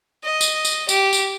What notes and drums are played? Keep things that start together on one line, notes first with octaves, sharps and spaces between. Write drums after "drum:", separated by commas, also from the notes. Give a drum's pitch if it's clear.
D#5
drum: tambourine
drum: tambourine
G4, drum: tambourine
drum: tambourine